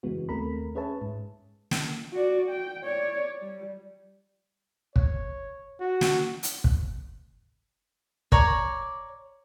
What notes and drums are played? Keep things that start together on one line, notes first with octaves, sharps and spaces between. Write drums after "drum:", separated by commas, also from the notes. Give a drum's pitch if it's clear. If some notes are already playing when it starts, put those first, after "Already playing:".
F#2 C#3 E3 G#3 B3 F#4
D#2 A3 C4 A#4 A#5 B5
C#4 G#4 B4 C#5 E5 A5
G#2
drum: snare
F#4 D5
G5
C#5 D5
G3
C#5, drum: kick
F#4
drum: snare
drum: hi-hat
drum: kick
C#5 D5 A#5 D6, drum: kick